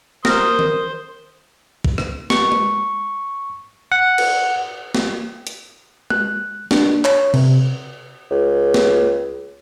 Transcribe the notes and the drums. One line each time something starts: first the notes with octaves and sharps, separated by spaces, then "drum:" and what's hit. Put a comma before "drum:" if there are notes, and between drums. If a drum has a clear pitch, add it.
A#4 C5 D#6, drum: snare
drum: tom D#3
drum: kick
drum: rim click
C#6, drum: snare
drum: tom G#3
F#5
drum: cymbal
drum: snare
drum: hi-hat
F#6, drum: tom G#3
D4, drum: snare
C#5, drum: clap
C3, drum: cymbal
C#2
drum: snare